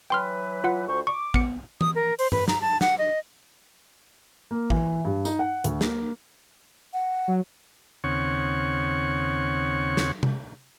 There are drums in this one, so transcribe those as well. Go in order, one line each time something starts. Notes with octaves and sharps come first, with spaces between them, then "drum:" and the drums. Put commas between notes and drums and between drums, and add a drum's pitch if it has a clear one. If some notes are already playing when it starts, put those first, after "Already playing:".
E3 F#3 B4 G5 C6 F6
F4 F#5
D2 C5 C#6
C#6 D6
B3 C#7, drum: kick
D#6, drum: tom E3
A#4
C5, drum: open hi-hat
B4, drum: tom
A#5, drum: snare
A5
F#5, drum: snare
D#5
A#3
E3, drum: kick
G2
D#4, drum: tambourine
F#5
D2, drum: hi-hat
A#3, drum: snare
F#5
F#3
D#2 C#3 C4 C#5 F#5 C#6
drum: snare
drum: tom C3